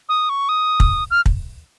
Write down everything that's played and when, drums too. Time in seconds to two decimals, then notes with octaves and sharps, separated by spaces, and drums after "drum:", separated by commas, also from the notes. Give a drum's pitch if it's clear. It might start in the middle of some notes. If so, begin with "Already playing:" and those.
0.09 D#6
0.29 C#6
0.49 D#6
0.80 drum: kick
1.11 F6
1.26 drum: kick